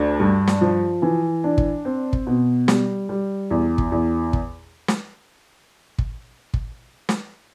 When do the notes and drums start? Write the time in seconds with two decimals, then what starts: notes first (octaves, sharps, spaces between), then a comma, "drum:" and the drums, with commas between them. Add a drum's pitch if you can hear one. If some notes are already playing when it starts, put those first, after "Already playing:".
Already playing: D2 D4
0.20 G2
0.47 drum: snare
0.61 F3
1.02 E3
1.44 D4
1.58 drum: kick
1.85 C4
2.13 drum: kick
2.27 B2
2.68 G3, drum: snare
3.09 G3
3.51 E2
3.78 drum: kick
3.92 E2
4.33 drum: kick
4.88 drum: snare
5.98 drum: kick
6.54 drum: kick
7.09 drum: snare